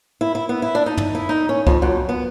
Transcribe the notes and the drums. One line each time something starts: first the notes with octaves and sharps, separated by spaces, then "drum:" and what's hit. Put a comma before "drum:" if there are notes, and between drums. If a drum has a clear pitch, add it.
E4
E4
B3
E4
D4
D#4
drum: tom
E4
D#4
C#4
F2, drum: kick C2
F#2
B3